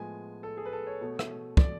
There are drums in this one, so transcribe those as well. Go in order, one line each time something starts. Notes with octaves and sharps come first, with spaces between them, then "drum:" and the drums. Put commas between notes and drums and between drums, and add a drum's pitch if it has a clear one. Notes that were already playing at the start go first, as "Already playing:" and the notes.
Already playing: A2 F3 G#3 B3 G#5
A4
G#4
B4
A4
C#5
B2 A3
drum: rim click
D5, drum: kick